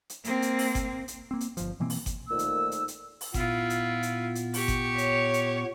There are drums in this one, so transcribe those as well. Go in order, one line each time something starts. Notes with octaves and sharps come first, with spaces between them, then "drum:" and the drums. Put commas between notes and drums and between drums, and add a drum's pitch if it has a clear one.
drum: hi-hat
A#3 C4, drum: hi-hat
drum: hi-hat
drum: open hi-hat
drum: kick G1, hi-hat
drum: hi-hat
A#3 C4
drum: hi-hat
G1 F3, drum: hi-hat
B2 E3 A#3 C4
drum: open hi-hat
drum: kick G1, hi-hat
F2 A#2 D#3 A3 D#4 E6
drum: hi-hat
drum: hi-hat
drum: hi-hat
drum: open hi-hat
A#2 B3 E4 F4, drum: kick G1, hi-hat
drum: hi-hat
drum: hi-hat
drum: hi-hat
G4 C#6, drum: open hi-hat
drum: kick G1, hi-hat
C#5, drum: hi-hat
drum: hi-hat